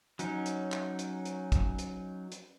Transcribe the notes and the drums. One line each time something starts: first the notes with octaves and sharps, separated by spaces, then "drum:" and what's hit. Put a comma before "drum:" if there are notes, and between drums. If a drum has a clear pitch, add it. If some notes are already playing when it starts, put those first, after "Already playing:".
F#3 C#4 D#4, drum: hi-hat
drum: hi-hat
drum: clap
drum: hi-hat
drum: hi-hat
drum: kick, hi-hat
drum: hi-hat
drum: hi-hat